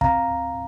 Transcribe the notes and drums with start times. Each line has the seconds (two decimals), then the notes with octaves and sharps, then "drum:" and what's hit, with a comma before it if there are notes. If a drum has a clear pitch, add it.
0.01 C4 F5 A#5, drum: kick
0.28 D2